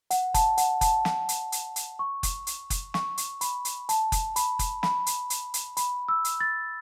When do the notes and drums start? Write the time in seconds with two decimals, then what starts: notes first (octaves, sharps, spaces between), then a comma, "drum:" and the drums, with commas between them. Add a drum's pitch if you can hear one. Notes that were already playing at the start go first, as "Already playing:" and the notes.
0.11 F#5, drum: hi-hat
0.34 A5, drum: kick F#1, hi-hat
0.57 F#5, drum: hi-hat
0.81 A5, drum: kick F#1, hi-hat
1.05 drum: snare
1.29 drum: hi-hat
1.52 drum: hi-hat
1.76 drum: hi-hat
1.99 C#6
2.23 drum: kick F#1, hi-hat
2.47 drum: hi-hat
2.70 drum: kick F#1, hi-hat
2.94 C#6, drum: snare
3.18 drum: hi-hat
3.41 B5, drum: hi-hat
3.65 drum: hi-hat
3.89 A5, drum: hi-hat
4.12 drum: kick F#1, hi-hat
4.36 B5, drum: hi-hat
4.59 drum: kick F#1, hi-hat
4.83 B5, drum: snare
5.06 drum: hi-hat
5.30 drum: hi-hat
5.54 drum: hi-hat
5.77 B5, drum: hi-hat
6.08 E6
6.25 drum: hi-hat
6.40 A6